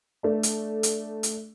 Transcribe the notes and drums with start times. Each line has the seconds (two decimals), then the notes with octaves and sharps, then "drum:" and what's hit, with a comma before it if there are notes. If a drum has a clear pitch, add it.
0.23 A3 D4
0.43 drum: hi-hat
0.83 drum: hi-hat
1.23 drum: hi-hat